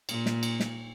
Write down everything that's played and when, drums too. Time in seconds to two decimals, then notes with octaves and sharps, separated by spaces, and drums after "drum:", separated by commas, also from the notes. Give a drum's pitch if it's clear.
0.09 A#2, drum: cymbal
0.26 drum: snare
0.43 drum: cymbal
0.60 drum: snare